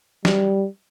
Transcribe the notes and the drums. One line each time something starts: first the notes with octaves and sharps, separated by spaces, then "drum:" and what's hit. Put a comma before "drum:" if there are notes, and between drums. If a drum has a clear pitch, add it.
G3, drum: snare